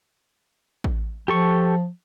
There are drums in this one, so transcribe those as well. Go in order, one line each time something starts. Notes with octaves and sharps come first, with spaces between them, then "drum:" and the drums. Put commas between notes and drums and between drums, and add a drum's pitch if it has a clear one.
drum: kick A1
F3 G4 A4 C#6